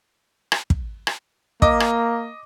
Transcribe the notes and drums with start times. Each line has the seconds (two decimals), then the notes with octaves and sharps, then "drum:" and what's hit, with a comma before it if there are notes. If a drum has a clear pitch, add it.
0.52 drum: rim click
0.70 drum: kick
1.07 drum: rim click
1.62 A#3 D#5 D6, drum: kick
1.80 drum: rim click